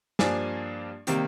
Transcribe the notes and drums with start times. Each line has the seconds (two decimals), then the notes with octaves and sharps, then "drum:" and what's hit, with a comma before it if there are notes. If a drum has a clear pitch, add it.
0.19 G2 F3 A#3 D4 G#5, drum: snare
1.07 C3 D#3 G3 A#3, drum: hi-hat